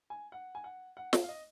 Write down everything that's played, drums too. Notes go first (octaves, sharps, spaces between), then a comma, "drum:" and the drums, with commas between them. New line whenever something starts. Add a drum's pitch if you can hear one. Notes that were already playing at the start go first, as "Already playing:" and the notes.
G#5
F#5
G#5
F#5
F#5
drum: snare
F5
D#5